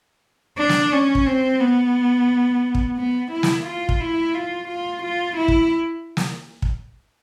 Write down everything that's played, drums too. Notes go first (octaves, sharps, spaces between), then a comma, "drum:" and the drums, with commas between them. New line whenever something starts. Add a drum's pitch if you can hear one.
D4
drum: snare
C#4
drum: kick
C4
B3
drum: kick
B3
E4
drum: snare
F4
drum: kick
E4
F4
F4
F4
E4
drum: kick
drum: snare
drum: kick